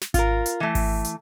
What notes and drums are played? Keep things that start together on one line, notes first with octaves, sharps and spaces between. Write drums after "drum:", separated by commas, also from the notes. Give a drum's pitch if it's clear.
drum: snare
F4 A#4, drum: kick G#1, hi-hat
drum: hi-hat
E3 A3
drum: kick G#1, open hi-hat
drum: hi-hat